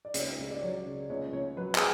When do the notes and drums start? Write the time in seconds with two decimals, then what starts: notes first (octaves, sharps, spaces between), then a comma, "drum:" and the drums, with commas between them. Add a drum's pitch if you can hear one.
0.05 D5
0.14 C#2 C#5, drum: hi-hat
0.39 C#2
0.51 D5
0.62 F#3 C#5
0.85 C#3
1.10 C#2 C#5
1.33 C#2 C#5
1.57 F#3 B4
1.75 G#4, drum: clap